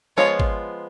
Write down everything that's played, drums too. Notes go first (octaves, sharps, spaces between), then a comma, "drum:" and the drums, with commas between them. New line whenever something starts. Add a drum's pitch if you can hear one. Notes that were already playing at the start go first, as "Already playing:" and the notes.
F3 G#3 B3 F4 C#5
drum: kick